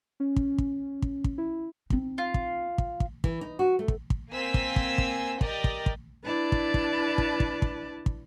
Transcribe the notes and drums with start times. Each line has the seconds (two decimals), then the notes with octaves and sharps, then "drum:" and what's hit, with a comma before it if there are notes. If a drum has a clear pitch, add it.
0.20 C#4
0.36 drum: kick
0.58 drum: kick
1.02 drum: kick
1.24 drum: kick
1.38 E4
1.90 C4 D#4, drum: kick
2.18 F4
2.34 drum: kick
2.78 drum: kick
3.00 drum: kick
3.24 E3, drum: kick
3.41 D#4
3.59 F#4
3.79 A3
3.88 drum: kick
4.10 drum: kick
4.30 A#3 C4 G#5 E6 B6
4.54 drum: kick
4.76 drum: kick
4.98 drum: kick
5.41 G4 A#4 D5 D#5, drum: kick
5.64 drum: kick
5.86 drum: kick
6.24 D4 E4 B4 D5 A5
6.52 drum: kick
6.74 drum: kick
7.18 drum: kick
7.40 drum: kick
7.62 drum: kick
8.06 drum: kick